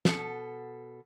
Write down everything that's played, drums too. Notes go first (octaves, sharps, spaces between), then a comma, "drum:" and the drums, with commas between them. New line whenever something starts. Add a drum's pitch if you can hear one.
B2 A4, drum: snare